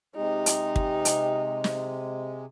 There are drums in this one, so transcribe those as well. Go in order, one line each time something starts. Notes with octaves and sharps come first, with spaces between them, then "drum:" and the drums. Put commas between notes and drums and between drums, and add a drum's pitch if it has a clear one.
C3 G#3 D#4 G4
drum: hi-hat
drum: kick
drum: hi-hat
drum: snare